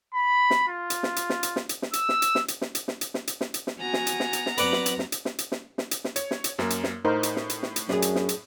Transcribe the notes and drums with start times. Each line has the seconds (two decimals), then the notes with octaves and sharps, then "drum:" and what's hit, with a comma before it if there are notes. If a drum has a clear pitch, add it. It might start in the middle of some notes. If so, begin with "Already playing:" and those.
0.14 B5
0.50 drum: snare
0.68 F4
0.90 drum: hi-hat
1.03 drum: snare
1.16 drum: hi-hat
1.30 drum: snare
1.43 drum: hi-hat
1.56 drum: snare
1.69 drum: hi-hat
1.82 drum: snare
1.93 E6, drum: hi-hat
2.09 drum: snare
2.22 drum: hi-hat
2.35 drum: snare
2.48 drum: hi-hat
2.62 drum: snare
2.75 drum: hi-hat
2.88 drum: snare
3.01 drum: hi-hat
3.14 drum: snare
3.27 drum: hi-hat
3.41 drum: snare
3.54 drum: hi-hat
3.67 drum: snare
3.80 B3 F#4 G#5 A#5 F6
3.93 drum: snare
4.07 drum: hi-hat
4.20 drum: snare
4.33 drum: hi-hat
4.46 drum: snare
4.58 F#3 C4 B4 D5 F#5, drum: hi-hat
4.73 drum: snare
4.86 drum: hi-hat
4.99 drum: snare
5.12 drum: hi-hat
5.25 drum: snare
5.38 drum: hi-hat
5.52 drum: snare
5.78 drum: snare
5.91 drum: hi-hat
6.04 drum: snare
6.16 C#5, drum: hi-hat
6.31 drum: snare
6.44 drum: hi-hat
6.59 F#2 A#3, drum: snare
6.70 drum: hi-hat
6.84 drum: snare
7.05 A2 D#4 A#4 C5
7.23 drum: hi-hat
7.36 drum: snare
7.50 drum: hi-hat
7.63 drum: snare
7.76 drum: hi-hat
7.89 F#2 D4 G#4, drum: snare
8.02 drum: hi-hat
8.15 drum: snare
8.29 drum: hi-hat